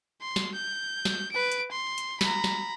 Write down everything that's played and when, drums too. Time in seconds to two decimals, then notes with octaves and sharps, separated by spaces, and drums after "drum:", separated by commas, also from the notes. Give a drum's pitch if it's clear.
0.21 C6
0.36 drum: snare
0.54 G6
1.05 drum: snare
1.32 B4 D7
1.52 drum: hi-hat
1.71 C6
1.98 drum: hi-hat
2.21 A#5 B5, drum: snare
2.44 drum: snare